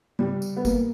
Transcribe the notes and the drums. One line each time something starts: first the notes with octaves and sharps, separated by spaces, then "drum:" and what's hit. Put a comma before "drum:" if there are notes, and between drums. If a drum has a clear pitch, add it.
G3, drum: tom C#3
drum: tambourine
B3
A#3, drum: kick G1, tambourine